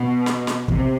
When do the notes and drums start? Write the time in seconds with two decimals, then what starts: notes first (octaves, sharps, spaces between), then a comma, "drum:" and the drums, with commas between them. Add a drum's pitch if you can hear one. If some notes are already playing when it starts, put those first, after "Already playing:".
Already playing: B2
0.26 drum: snare
0.47 drum: snare
0.68 C3, drum: kick